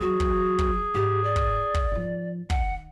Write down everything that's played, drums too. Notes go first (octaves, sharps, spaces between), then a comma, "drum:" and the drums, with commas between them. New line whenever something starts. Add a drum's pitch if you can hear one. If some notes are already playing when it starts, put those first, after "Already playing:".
E3 F#3 F#4 G#4
drum: kick
drum: kick
G#2 G4
D5
drum: kick
drum: kick
G#2 F3
D#3 F#5, drum: kick